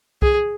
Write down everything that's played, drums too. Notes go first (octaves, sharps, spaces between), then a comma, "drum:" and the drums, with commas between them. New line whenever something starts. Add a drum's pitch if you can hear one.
G#4, drum: kick C2